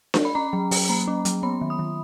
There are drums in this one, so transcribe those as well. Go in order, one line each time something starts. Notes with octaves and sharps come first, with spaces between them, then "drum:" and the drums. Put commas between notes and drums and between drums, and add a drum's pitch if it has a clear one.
drum: snare D4
B5
C#4 A#5
F#3
F#3, drum: open hi-hat
A#3 A#5
C#4
F#3, drum: hi-hat
B3 B5
D#3
D#6
D#3